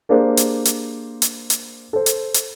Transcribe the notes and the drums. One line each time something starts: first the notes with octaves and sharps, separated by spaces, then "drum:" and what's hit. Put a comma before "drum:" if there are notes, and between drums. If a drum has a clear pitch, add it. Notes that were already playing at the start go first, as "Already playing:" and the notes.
A#3 D4 G4 G#4 A#4 C5
drum: hi-hat
drum: hi-hat
drum: hi-hat
drum: hi-hat
A4 C5
drum: hi-hat
drum: hi-hat